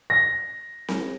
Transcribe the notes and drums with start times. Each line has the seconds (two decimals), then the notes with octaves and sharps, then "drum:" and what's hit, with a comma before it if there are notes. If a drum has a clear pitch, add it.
0.10 A#6
0.88 drum: snare C4